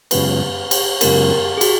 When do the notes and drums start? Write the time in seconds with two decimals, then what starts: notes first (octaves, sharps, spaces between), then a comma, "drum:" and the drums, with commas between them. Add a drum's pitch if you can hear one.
0.11 F#2 C#3 G#3 B3 F4 B4, drum: cymbal
0.71 drum: cymbal
1.01 F#2 C#3 G#3 B3 F4 A#4, drum: cymbal
1.57 G#4
1.61 F#4, drum: cymbal